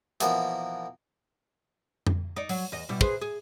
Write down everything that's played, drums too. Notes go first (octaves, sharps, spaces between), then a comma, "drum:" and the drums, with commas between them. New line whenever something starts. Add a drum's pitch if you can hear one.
B2 E3 F3 A#3 B3, drum: hi-hat
drum: tom F2
D#4 D5
F#3, drum: open hi-hat
E2 D#5
B2 G3 E4
G#4 B4 C5, drum: kick
G#4